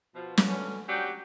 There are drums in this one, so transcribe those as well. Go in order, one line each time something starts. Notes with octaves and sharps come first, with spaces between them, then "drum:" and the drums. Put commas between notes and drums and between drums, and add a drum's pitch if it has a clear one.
B2 F3
drum: snare
B2 D3 C#4
F#3 C#4 D4 G4